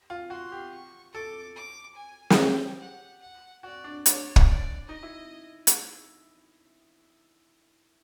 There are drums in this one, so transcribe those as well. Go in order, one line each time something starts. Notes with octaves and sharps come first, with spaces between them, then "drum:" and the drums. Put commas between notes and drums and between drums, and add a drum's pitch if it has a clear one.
F4
F#4 C6
G4
C#6
A4 D6
D6
G#5
F#4, drum: snare
G4 G5
F#5
F#5
F#4 D5
D4
D4 C#5, drum: hi-hat
drum: kick
D5
D#4 D#5
E4
drum: hi-hat